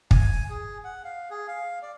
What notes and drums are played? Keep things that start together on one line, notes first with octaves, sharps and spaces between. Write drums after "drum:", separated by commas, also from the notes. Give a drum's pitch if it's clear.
G#5, drum: kick
G#4
F#5
F5
G#4
F5
D5